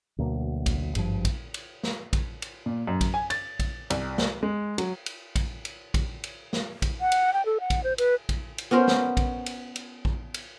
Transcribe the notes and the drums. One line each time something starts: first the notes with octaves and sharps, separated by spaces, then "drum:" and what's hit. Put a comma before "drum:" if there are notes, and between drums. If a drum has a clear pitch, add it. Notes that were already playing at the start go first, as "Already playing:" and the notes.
D2 B2 F#3 A#3
drum: kick A#1, cymbal
G#1 G2 F3, drum: cymbal
drum: kick A#1, cymbal
drum: cymbal
drum: snare
drum: kick A#1, cymbal
drum: cymbal
A#2
F#2
drum: kick A#1, cymbal
G#5
A6, drum: cymbal
drum: kick A#1, cymbal
C2, drum: cymbal
drum: snare
G#3
F#3, drum: cymbal
drum: cymbal
drum: kick A#1, cymbal
drum: cymbal
drum: kick A#1, cymbal
drum: cymbal
drum: snare
drum: kick A#1, cymbal
F#5
drum: cymbal
G5
A4
F#5
drum: kick A#1, cymbal
C5
B4, drum: cymbal
drum: kick A#1, cymbal
drum: cymbal
B3 C#4 A#4 C5
drum: snare
drum: kick A#1, cymbal
drum: cymbal
drum: cymbal
drum: kick A#1
drum: cymbal